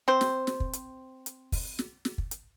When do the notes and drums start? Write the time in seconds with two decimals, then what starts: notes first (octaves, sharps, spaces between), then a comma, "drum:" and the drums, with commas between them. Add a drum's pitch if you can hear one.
0.08 C4 C5
0.21 drum: snare
0.47 drum: snare
0.60 drum: kick
0.73 drum: hi-hat
1.26 drum: hi-hat
1.52 drum: kick, open hi-hat
1.79 drum: snare
2.05 drum: snare
2.18 drum: kick
2.31 drum: hi-hat